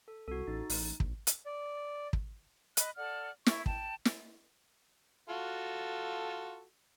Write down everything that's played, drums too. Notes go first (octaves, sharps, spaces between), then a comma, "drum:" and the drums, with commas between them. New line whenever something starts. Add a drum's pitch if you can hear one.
A4
C2 F#4 A4
A1 D#4 A6
A1, drum: open hi-hat
A#1, drum: kick
drum: hi-hat
D5
drum: kick
D#5 B5 F#6, drum: hi-hat
A4 D5 F#5 F6
E4 C#6, drum: snare
G5 A5, drum: kick
drum: snare
F4 F#4 A4